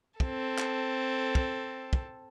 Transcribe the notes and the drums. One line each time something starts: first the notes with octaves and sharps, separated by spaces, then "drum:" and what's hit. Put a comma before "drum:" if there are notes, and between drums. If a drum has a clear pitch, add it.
C4 A4, drum: kick
drum: clap
drum: kick
drum: kick